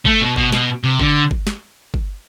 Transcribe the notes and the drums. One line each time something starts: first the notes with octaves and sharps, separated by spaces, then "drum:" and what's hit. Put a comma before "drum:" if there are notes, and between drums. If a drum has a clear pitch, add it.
A3, drum: kick G1
B2
B2, drum: kick G1
B2, drum: snare
C3
D3, drum: kick G1
drum: kick G1
drum: snare
drum: kick G1